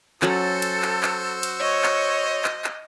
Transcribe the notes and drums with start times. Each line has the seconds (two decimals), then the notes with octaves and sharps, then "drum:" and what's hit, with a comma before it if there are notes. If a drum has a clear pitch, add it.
0.22 F#3 C#4 F#4 A4 C5 E6, drum: clap
0.62 drum: cymbal
0.82 drum: clap
1.03 drum: clap
1.43 drum: cymbal
1.59 C#5 D#5
1.84 drum: clap
2.44 drum: clap
2.64 drum: clap